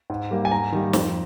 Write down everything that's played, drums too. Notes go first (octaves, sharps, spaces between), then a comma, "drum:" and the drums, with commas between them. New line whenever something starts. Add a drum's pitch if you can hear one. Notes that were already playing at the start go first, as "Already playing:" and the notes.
G#2
G3 A#3
G#5
G#2 A#5
D#3 G3 A#3
F2, drum: snare